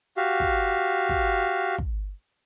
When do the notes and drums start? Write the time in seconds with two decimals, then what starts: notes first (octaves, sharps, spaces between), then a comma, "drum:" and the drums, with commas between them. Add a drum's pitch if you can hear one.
0.17 F#4 G4 F5
0.40 drum: kick
1.09 drum: kick
1.78 drum: kick